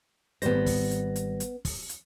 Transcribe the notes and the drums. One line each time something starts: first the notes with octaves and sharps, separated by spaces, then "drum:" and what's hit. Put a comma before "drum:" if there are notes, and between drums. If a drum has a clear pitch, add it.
G#1 G3 B3 C5 A#6, drum: hi-hat
drum: kick, open hi-hat
drum: hi-hat
drum: hi-hat
drum: hi-hat
drum: kick, open hi-hat
drum: hi-hat